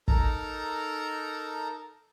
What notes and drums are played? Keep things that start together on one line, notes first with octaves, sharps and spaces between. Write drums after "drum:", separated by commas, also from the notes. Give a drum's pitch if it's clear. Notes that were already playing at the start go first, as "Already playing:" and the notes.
D#4 A4 A#4 A5 A#5, drum: kick